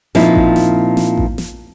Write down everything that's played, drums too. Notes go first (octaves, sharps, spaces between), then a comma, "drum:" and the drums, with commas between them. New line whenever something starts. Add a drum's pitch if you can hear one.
A#2 F3 C4 D#4 E4, drum: snare
drum: kick A1
drum: snare
drum: snare
drum: kick A1
drum: snare